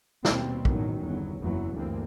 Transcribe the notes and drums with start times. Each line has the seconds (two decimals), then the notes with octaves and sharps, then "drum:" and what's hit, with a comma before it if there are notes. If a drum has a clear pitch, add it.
0.25 D#2 B2 G3 C4, drum: snare
0.65 A1 B2 D#3 F#3 C#4, drum: kick
1.04 G1 E2 F#3
1.39 F#1 E2 E3 F#3
1.75 D2 G2 E3 A#3 C4